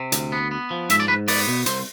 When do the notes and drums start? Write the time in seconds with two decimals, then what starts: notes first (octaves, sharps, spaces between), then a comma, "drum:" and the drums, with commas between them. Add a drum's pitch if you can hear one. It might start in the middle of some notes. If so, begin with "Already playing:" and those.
Already playing: C3
0.12 D2, drum: hi-hat
0.32 B3
0.51 B3
0.71 F3
0.90 G#2 E5, drum: hi-hat
1.00 D5
1.08 G#2 B4
1.28 B3 D5, drum: open hi-hat
1.48 B2
1.66 C2 C5, drum: hi-hat